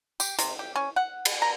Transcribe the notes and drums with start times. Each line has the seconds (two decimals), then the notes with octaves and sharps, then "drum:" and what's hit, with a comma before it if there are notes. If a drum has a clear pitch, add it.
0.20 G4, drum: tambourine
0.39 C3, drum: hi-hat
0.59 G4
0.76 C#4
0.96 F#5
1.25 drum: cymbal
1.42 A#5